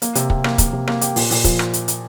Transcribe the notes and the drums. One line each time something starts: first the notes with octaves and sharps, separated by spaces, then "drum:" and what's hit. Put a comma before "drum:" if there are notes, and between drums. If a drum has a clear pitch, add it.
A#3, drum: hi-hat
C3, drum: hi-hat
C3, drum: kick
A#3, drum: rim click
A#3, drum: kick, hi-hat
C3
A#3, drum: rim click
G4, drum: hi-hat
A#2, drum: open hi-hat
A#2, drum: open hi-hat
F3, drum: kick, hi-hat
drum: rim click
drum: hi-hat
drum: hi-hat